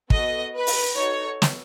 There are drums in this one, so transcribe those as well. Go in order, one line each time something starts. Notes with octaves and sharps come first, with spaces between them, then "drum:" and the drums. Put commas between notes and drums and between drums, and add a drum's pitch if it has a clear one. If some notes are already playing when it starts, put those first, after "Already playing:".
B3 F#4 A4 D#5, drum: kick
B4
drum: open hi-hat
D#4 F#4 A4 C#5
drum: snare